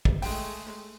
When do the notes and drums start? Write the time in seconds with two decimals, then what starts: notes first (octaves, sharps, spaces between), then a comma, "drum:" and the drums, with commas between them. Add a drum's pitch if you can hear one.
0.05 drum: kick
0.22 G#3 A3 G5, drum: open hi-hat